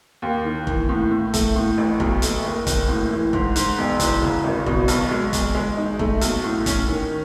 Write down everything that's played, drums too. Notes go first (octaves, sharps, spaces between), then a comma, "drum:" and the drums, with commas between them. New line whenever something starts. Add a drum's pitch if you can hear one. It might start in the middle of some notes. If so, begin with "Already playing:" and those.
D#2
D#3
E3, drum: kick F1
A2
A2
A3, drum: kick F1, hi-hat
A2
A1
B1, drum: kick F1
A3, drum: hi-hat
F#1
F#1, drum: kick F1, hi-hat
A2
E3
G#2, drum: kick F1
G#2, drum: hi-hat
E1
E2, drum: kick F1, hi-hat
C#3
G#1
B2, drum: kick F1
B1, drum: hi-hat
G#3
E1, drum: kick F1, hi-hat
G#3
D#4
A3, drum: kick F1
B1, drum: hi-hat
A2
C#4, drum: kick F1, hi-hat
D#3